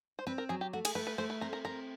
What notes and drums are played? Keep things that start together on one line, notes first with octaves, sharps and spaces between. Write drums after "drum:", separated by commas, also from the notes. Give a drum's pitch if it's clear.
C5
C4 B4
A#4
F#3 G#4
G4
A3 F#4
G#4, drum: cymbal
A3 B4
B4
A3 C5
B4
C4 A#4
A#4
C4 A#4